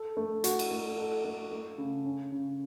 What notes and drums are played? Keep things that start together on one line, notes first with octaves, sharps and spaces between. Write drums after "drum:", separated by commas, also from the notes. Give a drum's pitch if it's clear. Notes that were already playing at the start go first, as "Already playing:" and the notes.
Already playing: A4
A3
F#4, drum: hi-hat
drum: cymbal
A3
A4
A3
A3
C#3
C#4
C#3